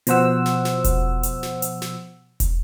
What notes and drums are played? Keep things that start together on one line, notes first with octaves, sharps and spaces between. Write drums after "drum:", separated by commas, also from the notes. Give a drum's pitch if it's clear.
B2 F3 C5 F#5 E6, drum: hi-hat
drum: snare
drum: snare
drum: kick E1, hi-hat
drum: hi-hat
drum: snare
drum: hi-hat
drum: snare
drum: kick E1, hi-hat